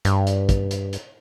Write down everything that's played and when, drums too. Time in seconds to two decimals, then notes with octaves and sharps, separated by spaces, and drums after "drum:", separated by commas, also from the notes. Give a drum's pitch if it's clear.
0.05 G2, drum: hi-hat
0.27 drum: hi-hat
0.49 drum: kick, hi-hat
0.71 drum: hi-hat
0.93 drum: hi-hat